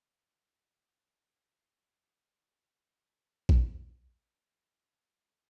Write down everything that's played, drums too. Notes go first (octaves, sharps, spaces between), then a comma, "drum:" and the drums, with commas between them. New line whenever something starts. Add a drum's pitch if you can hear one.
A#3 C4 D4 F4 G#4
F4 G#4 A#4 A#5 A#6
D3 D#3 A3 C#4 G#4
A#2 D#4 D#6 F6 F#6 A#6
C4 D6
B4 E5 G#5
D#4
drum: kick A#1
E5 D#6
C#3 F3 F#3 C#4
D4 E5 B5
F#3 G3 A#3 E4 D5